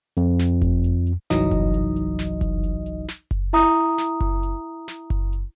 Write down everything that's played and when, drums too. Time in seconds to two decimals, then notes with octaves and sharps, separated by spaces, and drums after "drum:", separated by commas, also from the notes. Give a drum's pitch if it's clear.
0.17 F2, drum: hi-hat
0.39 drum: snare
0.62 drum: kick F#1, hi-hat
0.84 drum: hi-hat
1.07 drum: hi-hat
1.30 G1 C2 E3 F#3 D#4 D#5, drum: snare
1.51 drum: kick F#1, hi-hat
1.74 drum: hi-hat
1.96 drum: hi-hat
2.19 drum: snare
2.41 drum: kick F#1, hi-hat
2.64 drum: hi-hat
2.86 drum: hi-hat
3.08 drum: snare
3.31 drum: kick F#1, hi-hat
3.53 E4 E5 A#5 D#6, drum: hi-hat
3.76 drum: hi-hat
3.98 drum: snare
4.21 drum: kick F#1, hi-hat
4.43 drum: hi-hat
4.88 drum: snare
5.10 drum: kick F#1, hi-hat
5.33 drum: hi-hat